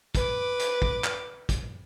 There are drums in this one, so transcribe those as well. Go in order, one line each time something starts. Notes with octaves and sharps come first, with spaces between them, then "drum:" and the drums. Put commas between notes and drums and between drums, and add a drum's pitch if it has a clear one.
B4 D6, drum: kick, hi-hat
drum: hi-hat
drum: kick
drum: clap
drum: kick, hi-hat